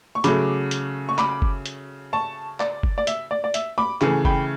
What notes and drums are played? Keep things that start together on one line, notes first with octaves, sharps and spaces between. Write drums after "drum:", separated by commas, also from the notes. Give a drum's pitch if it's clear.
C#6
C#3 F#3 A3 B5 D6, drum: hi-hat
drum: hi-hat
C#6
B5 D6, drum: clap
drum: kick F#1
drum: hi-hat
A5 C#6
D5, drum: clap
drum: kick F#1
D5
E5, drum: hi-hat
D5
D5
E5, drum: hi-hat
B5 D6
C#3 E3 A3, drum: clap
G5 B5, drum: kick F#1